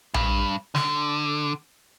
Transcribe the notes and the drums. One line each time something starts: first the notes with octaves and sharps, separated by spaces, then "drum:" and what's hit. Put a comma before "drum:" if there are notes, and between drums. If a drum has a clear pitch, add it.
G2, drum: tom A#1
D3, drum: snare